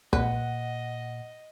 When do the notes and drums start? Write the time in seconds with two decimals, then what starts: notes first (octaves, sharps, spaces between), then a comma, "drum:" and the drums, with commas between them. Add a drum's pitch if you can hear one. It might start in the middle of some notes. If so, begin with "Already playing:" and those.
0.13 A#2 B4 D#5 F#5, drum: kick